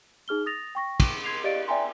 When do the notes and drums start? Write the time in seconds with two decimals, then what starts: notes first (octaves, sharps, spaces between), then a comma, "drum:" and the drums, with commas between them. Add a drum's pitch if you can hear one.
0.28 D#4 G#4 F6 G7
0.46 D#6 A6 A#6 F7
0.75 G5 C#6 A#6
1.00 drum: kick, cymbal
1.24 C6 G#6 C7 F7
1.44 G4 D5 D#5 F5 A6 D7
1.68 D5 E5 G5 G#5 A#5 C6